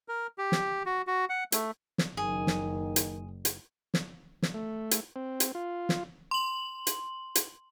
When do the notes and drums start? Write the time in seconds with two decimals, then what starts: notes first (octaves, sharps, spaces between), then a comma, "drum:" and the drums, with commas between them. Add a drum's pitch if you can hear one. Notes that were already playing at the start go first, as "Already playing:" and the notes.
0.08 A#4
0.38 G4
0.52 drum: snare
0.86 F#4
1.07 F#4
1.30 F#5
1.52 A3, drum: hi-hat
1.98 drum: snare
2.17 F#1 D#3 G#4
2.47 drum: snare
2.96 drum: hi-hat
3.45 drum: hi-hat
3.94 drum: snare
4.42 drum: snare
4.54 A3
4.91 drum: hi-hat
5.16 C4
5.40 drum: hi-hat
5.55 F4
5.89 drum: snare
6.31 C6 F#7
6.87 drum: hi-hat
7.35 drum: hi-hat